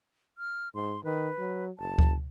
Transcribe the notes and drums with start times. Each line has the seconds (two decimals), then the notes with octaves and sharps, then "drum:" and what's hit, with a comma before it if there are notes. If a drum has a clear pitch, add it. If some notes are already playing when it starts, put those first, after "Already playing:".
0.38 F6
0.75 G#2 C6
1.04 D#3 B4
1.38 F#3
1.79 F#1 A5
1.99 drum: kick D2